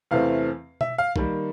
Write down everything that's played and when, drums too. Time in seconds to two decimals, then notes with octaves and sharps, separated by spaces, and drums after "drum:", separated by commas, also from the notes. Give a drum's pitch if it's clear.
0.11 E2 C3 E3 A3 C4 F5
0.81 E5, drum: tom B2
0.98 F5
1.16 D#3 G3 A#3, drum: kick